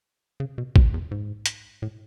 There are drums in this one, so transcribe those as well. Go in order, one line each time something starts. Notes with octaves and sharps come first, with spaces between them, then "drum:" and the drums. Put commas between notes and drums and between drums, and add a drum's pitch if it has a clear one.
C#3
B2
B2, drum: kick A1
E2
G#2
drum: hi-hat
A2